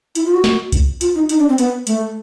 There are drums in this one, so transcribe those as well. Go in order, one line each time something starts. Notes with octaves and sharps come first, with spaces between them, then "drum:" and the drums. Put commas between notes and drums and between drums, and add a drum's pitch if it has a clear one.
E4, drum: hi-hat
F4
F#4
drum: snare
drum: kick C2, hi-hat
F4, drum: hi-hat
D#4
D#4, drum: hi-hat
D4
C4
B3, drum: hi-hat
A3, drum: hi-hat